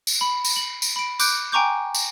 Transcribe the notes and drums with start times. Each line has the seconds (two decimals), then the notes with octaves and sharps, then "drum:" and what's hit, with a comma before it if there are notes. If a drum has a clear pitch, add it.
0.07 drum: tambourine
0.21 B5
0.45 drum: tambourine
0.56 F#7
0.82 drum: tambourine
0.96 B5 D7
1.19 D6 F#6 G6 D7, drum: tambourine
1.52 G5 G#5 A#5 C#6 D6 G6
1.94 drum: tambourine